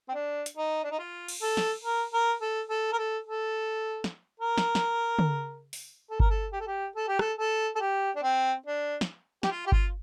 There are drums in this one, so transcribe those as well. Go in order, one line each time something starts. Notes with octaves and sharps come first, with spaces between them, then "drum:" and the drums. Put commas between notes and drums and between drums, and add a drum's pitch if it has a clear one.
C4
D4
drum: hi-hat
D#4
D4
D#4
F4
drum: cymbal
A4
drum: snare
A#4
A#4
A4
A4
A#4
A4
A4
drum: snare
A#4
drum: snare
drum: snare
drum: tom
drum: open hi-hat
A4
A#4, drum: kick G1
A4
G4
A4
G4
A4
G4
A4, drum: rim click
A4
A4
G4
D4
C4
D4
drum: snare
G4, drum: snare
F4
G4
F4, drum: kick G1